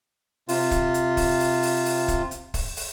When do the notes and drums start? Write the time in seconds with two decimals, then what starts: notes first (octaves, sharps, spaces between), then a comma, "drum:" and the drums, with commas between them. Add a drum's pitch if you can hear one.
0.49 C3 F4, drum: open hi-hat
0.71 drum: kick, hi-hat
0.94 drum: hi-hat
1.17 drum: kick, open hi-hat
1.40 drum: open hi-hat
1.63 drum: open hi-hat
1.85 drum: open hi-hat
2.08 drum: kick, hi-hat
2.31 drum: hi-hat
2.54 drum: kick, open hi-hat
2.77 drum: open hi-hat